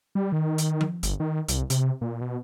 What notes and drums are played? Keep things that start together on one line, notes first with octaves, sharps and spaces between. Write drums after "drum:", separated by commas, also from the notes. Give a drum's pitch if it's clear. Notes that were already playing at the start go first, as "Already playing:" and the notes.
G3
D#3
drum: hi-hat
drum: tom F3
G1, drum: hi-hat
D#3
C2, drum: hi-hat
C3, drum: hi-hat
A#2
B2